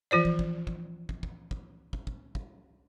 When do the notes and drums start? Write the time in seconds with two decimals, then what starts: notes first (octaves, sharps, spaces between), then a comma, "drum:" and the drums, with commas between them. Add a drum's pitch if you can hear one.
0.11 E3 F3 F4 C5 D5
0.25 drum: kick
0.39 drum: kick
0.67 drum: kick
1.09 drum: kick
1.23 drum: kick
1.51 drum: kick
1.93 drum: kick
2.07 drum: kick
2.35 drum: kick